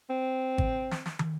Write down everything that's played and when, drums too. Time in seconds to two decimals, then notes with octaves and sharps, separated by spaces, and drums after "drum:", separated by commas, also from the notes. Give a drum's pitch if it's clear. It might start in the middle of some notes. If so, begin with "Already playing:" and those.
0.10 C4
0.58 drum: kick G#1
0.91 drum: snare
1.06 drum: snare
1.19 drum: tom